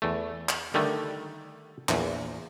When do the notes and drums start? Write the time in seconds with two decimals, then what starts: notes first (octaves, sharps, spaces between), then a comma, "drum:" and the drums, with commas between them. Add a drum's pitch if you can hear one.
0.02 E2 A3
0.49 drum: clap
0.74 D3 D#3 G3 A3
1.89 A#1 E2, drum: clap